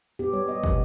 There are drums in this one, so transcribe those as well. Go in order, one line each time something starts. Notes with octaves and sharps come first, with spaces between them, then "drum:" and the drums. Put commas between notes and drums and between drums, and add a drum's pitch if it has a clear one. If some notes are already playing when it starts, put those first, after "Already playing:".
B3 G4
G3 C#5
B3 D#5
B2, drum: kick